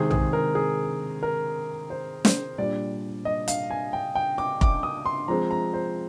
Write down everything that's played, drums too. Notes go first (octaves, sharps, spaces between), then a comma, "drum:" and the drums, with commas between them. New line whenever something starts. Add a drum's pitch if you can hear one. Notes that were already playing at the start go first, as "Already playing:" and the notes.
Already playing: C3 D#3 G#3 C4 G#4
G#4, drum: tom A#1
A#4
G#4
A#4
C5
C5, drum: snare
A#2 G3 D4 D5
D#5
F5, drum: hi-hat
G#5
G5
G5
D6
D6, drum: kick F1
D#6
C6
F3 G#3 C4 A#5
A#5
C5